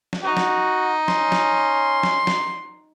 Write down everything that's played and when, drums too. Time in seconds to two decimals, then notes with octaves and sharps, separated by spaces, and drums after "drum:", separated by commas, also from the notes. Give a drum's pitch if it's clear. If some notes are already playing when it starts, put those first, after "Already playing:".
0.13 drum: snare
0.24 D#4 F#4
0.37 drum: snare
1.08 C#4 C6, drum: snare
1.32 drum: snare
2.03 drum: snare
2.27 drum: snare